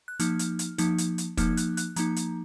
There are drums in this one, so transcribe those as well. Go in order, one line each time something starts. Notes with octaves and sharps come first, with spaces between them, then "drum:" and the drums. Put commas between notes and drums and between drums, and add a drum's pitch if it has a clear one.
F#6
F3 A#3 D#4 F6, drum: hi-hat
drum: hi-hat
drum: hi-hat
F3 A#3 D#4, drum: hi-hat
drum: hi-hat
drum: hi-hat
F3 A#3 D#4 F6, drum: kick, hi-hat
F#6, drum: hi-hat
F#6, drum: hi-hat
F3 A#3 D#4 A#5, drum: hi-hat
drum: hi-hat